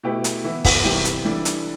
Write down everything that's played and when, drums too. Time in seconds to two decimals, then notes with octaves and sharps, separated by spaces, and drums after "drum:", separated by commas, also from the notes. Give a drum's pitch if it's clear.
0.03 B2 A3 E4 G4 B4
0.24 drum: hi-hat
0.44 E3 B3 E4
0.65 drum: kick, open hi-hat
0.84 C3 E3 G3 C4 G4
1.05 drum: hi-hat
1.25 E3 G3 D4 A4
1.45 drum: hi-hat